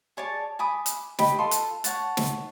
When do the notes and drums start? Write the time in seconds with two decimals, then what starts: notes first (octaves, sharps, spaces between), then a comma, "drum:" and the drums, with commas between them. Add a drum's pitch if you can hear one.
0.17 G#4 C#5 D5 A5
0.59 G#5 B5 D6 D#6
0.86 drum: hi-hat
1.19 G4 B4 D#5 B5, drum: snare
1.39 F4 A4 C6
1.51 drum: hi-hat
1.84 C#5 F#5 A5, drum: hi-hat
2.17 drum: snare